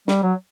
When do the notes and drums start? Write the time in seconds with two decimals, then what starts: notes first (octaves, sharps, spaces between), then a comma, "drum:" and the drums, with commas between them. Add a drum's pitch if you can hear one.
0.08 G3, drum: snare
0.23 F#3